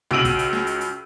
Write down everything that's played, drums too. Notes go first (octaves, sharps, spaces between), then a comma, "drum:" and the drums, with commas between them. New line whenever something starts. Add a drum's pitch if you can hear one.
C#2 F#4 E6 D7 D#7 F#7, drum: tom
drum: kick, hi-hat
drum: hi-hat
drum: snare
drum: hi-hat
drum: hi-hat